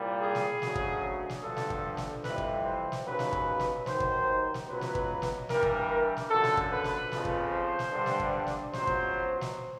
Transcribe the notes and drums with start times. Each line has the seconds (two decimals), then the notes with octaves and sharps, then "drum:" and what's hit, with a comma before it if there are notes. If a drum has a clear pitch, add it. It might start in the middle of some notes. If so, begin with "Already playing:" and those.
Already playing: C2 A#2 G3
0.21 G#4
0.35 drum: snare
0.62 D2 C#3 F#3, drum: snare
0.75 drum: kick
1.30 drum: snare
1.42 G2 D3 F3 A4
1.57 drum: snare
1.70 drum: kick
1.97 drum: snare
2.24 F2 C3 E3 G3 B4, drum: snare
2.38 drum: kick
2.64 C5
2.92 drum: snare
3.05 D#2 C#3 F#3 B4
3.19 drum: snare
3.32 drum: kick
3.60 drum: snare
3.86 D#2 D#3 F#3 C5, drum: snare
4.00 drum: kick
4.54 drum: snare
4.68 C#2 B2 F#3 B4
4.81 drum: snare
4.95 drum: kick
5.22 drum: snare
5.49 G2 E3 G3 A#4, drum: snare
5.62 drum: kick
6.17 drum: snare
6.30 F#2 D3 F3 A4
6.44 drum: snare
6.57 drum: kick
6.71 B4
6.84 drum: snare
7.12 F2 C#3 F3, drum: snare
7.25 drum: kick
7.51 C5
7.79 drum: snare
7.92 G2 D3 G3
8.06 drum: snare
8.20 drum: kick
8.47 drum: snare
8.73 C#2 B2 F#3 C5, drum: snare
8.87 drum: kick
9.41 drum: snare